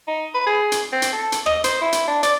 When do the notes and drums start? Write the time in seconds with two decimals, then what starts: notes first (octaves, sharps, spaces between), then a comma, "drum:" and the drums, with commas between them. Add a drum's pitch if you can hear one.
0.08 D#4
0.34 B4
0.47 G#4
0.72 drum: hi-hat
0.92 C4
1.02 drum: hi-hat
1.13 A4
1.32 drum: hi-hat
1.46 D#5, drum: rim click
1.64 C5, drum: hi-hat
1.82 E4
1.92 drum: hi-hat
2.08 D4
2.23 D5, drum: hi-hat